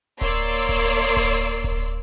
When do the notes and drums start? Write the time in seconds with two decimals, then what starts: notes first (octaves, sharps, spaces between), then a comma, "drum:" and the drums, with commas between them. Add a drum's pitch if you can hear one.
0.21 A#3 C#5 D5 C6 E6 C7, drum: kick D1
0.69 drum: kick D1
1.17 drum: kick D1
1.64 drum: kick D1